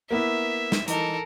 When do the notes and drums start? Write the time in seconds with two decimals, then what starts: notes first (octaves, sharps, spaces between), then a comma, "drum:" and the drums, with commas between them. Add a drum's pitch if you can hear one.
0.11 A#3 B3 E4 E5
0.72 drum: snare
0.88 E3 D#4 A4 A#4, drum: hi-hat